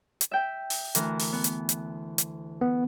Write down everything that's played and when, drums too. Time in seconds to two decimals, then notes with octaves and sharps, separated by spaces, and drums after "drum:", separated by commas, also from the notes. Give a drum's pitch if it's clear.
0.21 drum: hi-hat
0.31 E5 G5
0.70 drum: open hi-hat
0.95 D2 E3 A#4, drum: hi-hat
1.19 drum: open hi-hat
1.33 B3
1.44 drum: hi-hat
1.69 drum: hi-hat
2.18 drum: hi-hat
2.61 B3